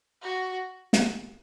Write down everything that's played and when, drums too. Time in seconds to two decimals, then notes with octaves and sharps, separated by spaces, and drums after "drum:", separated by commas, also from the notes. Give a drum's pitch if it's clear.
0.22 F#4
0.93 drum: snare